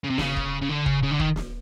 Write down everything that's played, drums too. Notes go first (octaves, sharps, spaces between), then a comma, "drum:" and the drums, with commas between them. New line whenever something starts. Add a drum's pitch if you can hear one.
C#3
C3
C#3, drum: snare
drum: kick
C#3
D3
C#3, drum: kick
C#3
D3
D#3, drum: kick
drum: snare